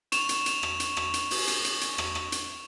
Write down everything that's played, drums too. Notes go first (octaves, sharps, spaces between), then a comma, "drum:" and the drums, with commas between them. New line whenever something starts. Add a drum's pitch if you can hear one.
C#6 E7 F7, drum: hi-hat
drum: hi-hat
drum: hi-hat
drum: rim click
drum: hi-hat
drum: rim click
drum: hi-hat
drum: open hi-hat
drum: hi-hat
drum: hi-hat
drum: hi-hat
drum: rim click
drum: rim click
drum: hi-hat